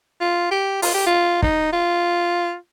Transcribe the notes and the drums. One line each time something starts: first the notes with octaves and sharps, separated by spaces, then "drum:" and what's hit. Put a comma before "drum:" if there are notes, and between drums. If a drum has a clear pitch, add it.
F4
G4
F4, drum: open hi-hat
G4
F4
D#4, drum: kick
F4